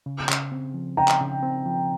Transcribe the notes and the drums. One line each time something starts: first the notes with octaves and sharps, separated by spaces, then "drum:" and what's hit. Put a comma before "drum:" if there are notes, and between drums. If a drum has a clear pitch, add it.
C#3
C#3, drum: clap
C4
F3
C#3 G5 A#5
drum: clap
C#3
C4
F3